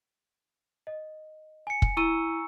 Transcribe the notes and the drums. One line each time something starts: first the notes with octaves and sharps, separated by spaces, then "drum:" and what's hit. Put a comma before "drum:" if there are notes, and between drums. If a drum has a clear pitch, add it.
D#5
G#5 C#7
drum: kick
E4 A#5 C#6 E6 D#7